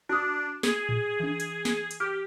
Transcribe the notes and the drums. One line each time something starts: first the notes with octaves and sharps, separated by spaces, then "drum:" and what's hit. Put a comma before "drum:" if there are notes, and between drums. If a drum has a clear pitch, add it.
D4 F#4 D#6
G#4, drum: snare
drum: tom A2
E3 D4
drum: hi-hat
drum: snare
drum: hi-hat
G4 F6